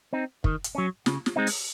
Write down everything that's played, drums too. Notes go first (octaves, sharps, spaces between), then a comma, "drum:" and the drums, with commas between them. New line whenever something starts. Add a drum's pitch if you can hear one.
C4 D#4
D#3, drum: kick
drum: hi-hat
F#3 C#4
C#3, drum: snare
drum: snare
G#3 C4 D#4
drum: open hi-hat